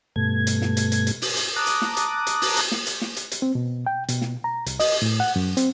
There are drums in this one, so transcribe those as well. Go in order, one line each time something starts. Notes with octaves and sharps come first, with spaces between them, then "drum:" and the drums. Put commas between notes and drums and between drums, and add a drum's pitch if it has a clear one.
G2 B2 A3 G#6
drum: hi-hat
drum: snare
drum: hi-hat
drum: hi-hat
drum: hi-hat
drum: open hi-hat
drum: hi-hat
A5 A#5 D6 D#6 F#6
drum: hi-hat
drum: snare
drum: hi-hat
drum: hi-hat
drum: open hi-hat
drum: hi-hat
drum: snare
drum: hi-hat
drum: snare
drum: hi-hat
drum: hi-hat
C4
B2
G5
B2, drum: hi-hat
drum: snare
A#5
C2, drum: hi-hat
D#5, drum: open hi-hat
A2
F#5
F#2
C4, drum: hi-hat